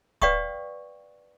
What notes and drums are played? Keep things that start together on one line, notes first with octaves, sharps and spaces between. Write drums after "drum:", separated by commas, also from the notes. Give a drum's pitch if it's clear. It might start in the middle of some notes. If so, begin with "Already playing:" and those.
B4 D5 F5 G5 C#6 D#6, drum: kick